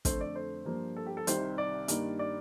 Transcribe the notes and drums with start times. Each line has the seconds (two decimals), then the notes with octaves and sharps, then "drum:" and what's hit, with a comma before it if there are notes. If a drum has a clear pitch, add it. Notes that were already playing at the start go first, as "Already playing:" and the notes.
0.05 F2 D3 A3 C5, drum: kick, hi-hat
0.21 D5
0.36 C5
0.66 G2 F3 A#3
0.96 A4
1.06 G4
1.17 A4
1.27 C2 C3 D#3 G3 C5, drum: hi-hat
1.58 D5
1.88 G2 D#3 A#3, drum: hi-hat
2.19 D5